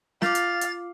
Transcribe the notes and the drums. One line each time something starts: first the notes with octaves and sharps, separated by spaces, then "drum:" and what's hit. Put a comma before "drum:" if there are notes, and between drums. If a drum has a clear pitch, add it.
F4 F5 D6 A6, drum: snare
drum: hi-hat
drum: hi-hat